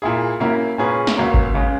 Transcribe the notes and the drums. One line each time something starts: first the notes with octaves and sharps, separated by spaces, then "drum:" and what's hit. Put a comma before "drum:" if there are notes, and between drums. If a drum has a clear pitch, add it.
A#2 A#3 E4 G#4
C#3 F#3 A#3 E4 A#4
A#2 A#3 C#4 G#4 B4
drum: snare
C#2 C#3 F#3 A#3 C#4
drum: kick G#1
C#2 C#3 G#3